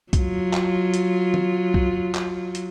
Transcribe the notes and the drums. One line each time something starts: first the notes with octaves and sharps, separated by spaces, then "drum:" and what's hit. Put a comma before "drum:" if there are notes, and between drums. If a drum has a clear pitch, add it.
F#3 F4, drum: kick B1, hi-hat
drum: clap
drum: hi-hat
drum: tom
drum: kick B1
drum: clap
drum: hi-hat